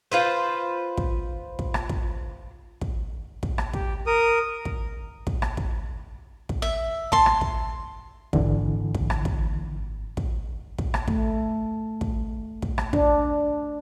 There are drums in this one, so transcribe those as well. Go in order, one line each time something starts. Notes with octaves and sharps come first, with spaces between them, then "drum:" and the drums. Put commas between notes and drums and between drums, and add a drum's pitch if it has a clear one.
F4 B4 C5
drum: kick
drum: kick
drum: rim click
drum: kick
drum: kick
drum: kick
drum: rim click
G4, drum: kick
A#4 D#6
drum: kick
drum: kick
drum: rim click
drum: kick
drum: kick
E5
A5 C6, drum: kick
drum: rim click
drum: kick
G#1 A#2 D3 E3, drum: kick
drum: kick
drum: rim click
drum: kick
drum: kick
drum: kick
drum: rim click
A3, drum: kick
drum: kick
drum: kick
drum: rim click
D4, drum: kick